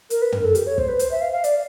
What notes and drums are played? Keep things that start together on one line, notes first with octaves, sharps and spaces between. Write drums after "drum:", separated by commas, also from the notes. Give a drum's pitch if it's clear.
A#4, drum: hi-hat
B4
A#4, drum: tom
A4
G4, drum: hi-hat
C#5
C5, drum: kick
B4
C5, drum: hi-hat
E5
F5
F5
D5, drum: hi-hat